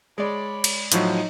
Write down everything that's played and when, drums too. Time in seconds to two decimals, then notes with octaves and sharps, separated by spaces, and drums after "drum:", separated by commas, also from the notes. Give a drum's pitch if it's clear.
0.18 G#3 C#5 D5 B5
0.64 drum: cymbal
0.92 A2 F3 F#3 D#4 C#5, drum: hi-hat